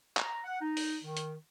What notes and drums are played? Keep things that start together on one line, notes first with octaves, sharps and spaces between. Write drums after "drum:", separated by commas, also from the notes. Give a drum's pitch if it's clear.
A#5, drum: clap
F#5
D#4
drum: open hi-hat
D#3
drum: hi-hat